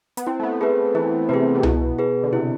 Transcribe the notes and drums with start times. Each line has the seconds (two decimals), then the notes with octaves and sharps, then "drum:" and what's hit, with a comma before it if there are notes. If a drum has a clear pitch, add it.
0.17 B3, drum: hi-hat
0.27 C4 E4
0.40 A3
0.43 B3
0.61 A3 G#4 B4
0.95 E3 E4
1.29 C3 G#4 B4
1.55 C3
1.63 B2 E4, drum: tom C2
1.99 G#4 B4
2.23 D3
2.33 C3 E4